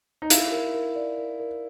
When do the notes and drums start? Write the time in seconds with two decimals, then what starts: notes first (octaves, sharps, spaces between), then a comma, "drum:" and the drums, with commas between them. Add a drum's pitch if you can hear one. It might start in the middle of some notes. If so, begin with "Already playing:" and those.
0.22 D#4
0.30 E4 F5, drum: hi-hat
0.52 A#4
0.74 A#4
0.96 D5
1.18 A#4
1.40 A#4